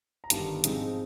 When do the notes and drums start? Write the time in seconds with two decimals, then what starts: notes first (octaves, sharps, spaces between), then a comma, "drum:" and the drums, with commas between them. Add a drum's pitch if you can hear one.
0.24 A#5
0.30 G1 G2 D#3 G3 B3 A5, drum: hi-hat
0.64 G#2 F3 G#3 C4 D#4, drum: hi-hat